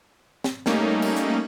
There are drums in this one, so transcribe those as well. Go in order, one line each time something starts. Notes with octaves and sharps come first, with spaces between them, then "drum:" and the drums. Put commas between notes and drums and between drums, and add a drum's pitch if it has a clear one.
drum: snare
G3 A3 A#3 C#4 D#4, drum: snare
drum: cymbal
drum: hi-hat